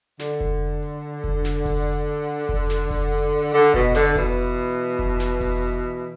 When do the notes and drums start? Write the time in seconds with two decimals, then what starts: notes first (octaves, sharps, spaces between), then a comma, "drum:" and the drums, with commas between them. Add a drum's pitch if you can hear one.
0.19 D3, drum: snare
0.40 drum: kick F1
0.82 drum: hi-hat
1.24 drum: kick F1, hi-hat
1.45 drum: snare
1.65 drum: kick F1, open hi-hat
2.07 drum: hi-hat
2.49 drum: kick F1, hi-hat
2.70 drum: snare
2.91 drum: kick F1, open hi-hat
3.32 drum: hi-hat
3.53 D3
3.74 B2, drum: kick F1, hi-hat
3.95 D3, drum: snare
4.15 B2 E3, drum: kick F1, open hi-hat
4.57 drum: hi-hat
4.99 drum: kick F1, hi-hat
5.20 drum: snare
5.41 drum: kick F1, open hi-hat
5.82 drum: hi-hat